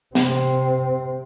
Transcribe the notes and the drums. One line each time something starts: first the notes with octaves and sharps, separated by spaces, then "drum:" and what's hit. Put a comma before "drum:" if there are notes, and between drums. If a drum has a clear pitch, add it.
C3 C4, drum: snare